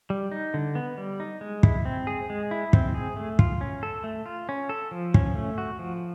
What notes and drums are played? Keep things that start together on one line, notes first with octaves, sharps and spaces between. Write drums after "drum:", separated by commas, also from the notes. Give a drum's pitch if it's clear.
G3
D#4
D3
B3
G3
D#4
G#3
E4, drum: kick
C4
G#4
G#3
E4
C4, drum: kick
G#4
A3
F4, drum: kick
C#4
A4
A3
F4
C#4
A4
F3
C#4, drum: kick
A3
F#4
F3